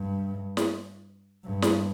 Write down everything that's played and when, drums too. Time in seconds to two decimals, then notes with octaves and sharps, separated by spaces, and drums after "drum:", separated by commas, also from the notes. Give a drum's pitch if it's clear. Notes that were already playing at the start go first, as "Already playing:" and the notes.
Already playing: G2
0.57 drum: snare
1.44 G2
1.62 drum: snare